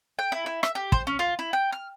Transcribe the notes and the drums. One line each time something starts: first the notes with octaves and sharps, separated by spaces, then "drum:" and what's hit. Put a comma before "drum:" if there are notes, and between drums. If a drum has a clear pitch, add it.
G5
E4
E4
E5, drum: rim click
G4
C5, drum: kick
C#4
F4
E4
G5
F6